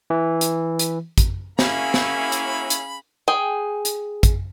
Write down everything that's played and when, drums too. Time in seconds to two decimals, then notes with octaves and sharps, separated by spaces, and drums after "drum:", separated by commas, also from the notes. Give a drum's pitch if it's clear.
0.10 E3
0.41 drum: hi-hat
0.79 drum: hi-hat
1.18 drum: kick, hi-hat
1.59 A#3 C#4 E4 F#4 G#4 F5 B5, drum: snare
1.94 drum: snare
2.32 drum: hi-hat
2.70 drum: hi-hat
3.28 G#4 G5
3.85 drum: hi-hat
4.23 drum: kick, hi-hat